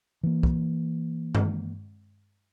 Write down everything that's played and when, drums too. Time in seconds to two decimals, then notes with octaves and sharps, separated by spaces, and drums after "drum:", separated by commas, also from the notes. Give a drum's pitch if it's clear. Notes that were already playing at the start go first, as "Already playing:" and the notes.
0.23 E3 A#3
0.43 drum: kick
1.35 drum: tom